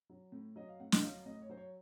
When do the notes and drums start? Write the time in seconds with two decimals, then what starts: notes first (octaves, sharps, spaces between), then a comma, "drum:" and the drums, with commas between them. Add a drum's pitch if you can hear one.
0.10 F#3
0.32 A2
0.56 F#3 D#5
0.69 F5
0.80 A2 F#5
0.92 D#5, drum: snare
1.03 F#3 F5
1.26 A2 D#5
1.42 C#5
1.49 F#3 C5
1.57 C#5